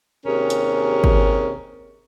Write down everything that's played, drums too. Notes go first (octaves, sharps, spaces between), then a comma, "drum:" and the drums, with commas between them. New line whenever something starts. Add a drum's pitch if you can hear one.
D#2 C3 C#4 G#4 A#4
drum: hi-hat
drum: kick G#1